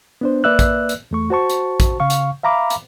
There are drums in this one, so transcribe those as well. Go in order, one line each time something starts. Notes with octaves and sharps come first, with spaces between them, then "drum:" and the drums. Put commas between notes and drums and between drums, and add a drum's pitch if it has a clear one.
B3 D4 C5
A#3 B4 D5 E5 E6 F#6
drum: kick, hi-hat
drum: hi-hat
E2 A3 C#6
F#4 C5 A5 C#6
drum: hi-hat
drum: kick, hi-hat
C#3 F5 C#6
drum: hi-hat
E5 F5 A#5 B5 D6
drum: hi-hat